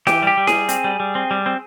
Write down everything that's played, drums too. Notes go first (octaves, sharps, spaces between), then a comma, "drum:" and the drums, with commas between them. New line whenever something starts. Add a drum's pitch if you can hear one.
E3 G4, drum: snare E4
G3 G4
G3
G#4, drum: snare E4
G3
C4, drum: hi-hat
G3
G3
C4
G3
C4